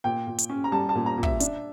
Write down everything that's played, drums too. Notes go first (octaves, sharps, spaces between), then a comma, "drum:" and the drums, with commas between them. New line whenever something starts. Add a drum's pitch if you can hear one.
A#2 G5
A#2
drum: hi-hat
C#4
A#5
G3 A5
A5
A#2
A#5
A#2
E5, drum: kick
D4, drum: hi-hat